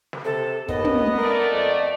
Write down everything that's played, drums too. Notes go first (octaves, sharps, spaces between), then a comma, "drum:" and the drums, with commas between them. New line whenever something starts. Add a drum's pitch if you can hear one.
drum: snare
C3 A4
D#2 B3 D#5, drum: kick
drum: tom
A3 A#4 D5
F2